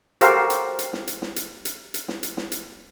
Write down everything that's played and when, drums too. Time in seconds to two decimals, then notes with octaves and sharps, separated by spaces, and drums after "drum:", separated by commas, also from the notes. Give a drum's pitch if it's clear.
0.21 F#4 G4 A4 A#4 C5 F5, drum: hi-hat
0.50 drum: hi-hat
0.79 drum: hi-hat
0.93 drum: snare
1.07 drum: hi-hat
1.22 drum: snare
1.36 drum: hi-hat
1.65 drum: hi-hat
1.94 drum: hi-hat
2.08 drum: snare
2.23 drum: hi-hat
2.37 drum: snare
2.52 drum: hi-hat